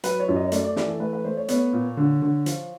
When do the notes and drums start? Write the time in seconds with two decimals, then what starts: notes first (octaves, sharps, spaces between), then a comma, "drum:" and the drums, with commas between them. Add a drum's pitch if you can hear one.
0.03 F#3 B4, drum: hi-hat
0.20 C#5
0.29 F#2
0.36 D#5
0.46 C#5
0.52 A3 D5, drum: hi-hat
0.64 D5
0.76 E3 D5, drum: snare
0.88 A4
1.00 A3 B4
1.13 B4
1.25 A3 C5
1.37 C#5
1.48 B3 C#5, drum: hi-hat
1.73 A#2
1.97 D3
2.22 D3
2.46 F3, drum: hi-hat